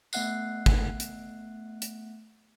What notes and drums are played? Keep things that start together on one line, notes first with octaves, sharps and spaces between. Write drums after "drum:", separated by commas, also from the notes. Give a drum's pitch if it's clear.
A3 B3 E5 F#5 F#6 C7, drum: tambourine
drum: kick
drum: hi-hat
drum: hi-hat